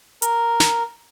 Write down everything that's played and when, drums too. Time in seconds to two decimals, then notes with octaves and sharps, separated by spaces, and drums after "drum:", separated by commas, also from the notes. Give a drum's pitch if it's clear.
0.22 A#4, drum: hi-hat
0.60 drum: snare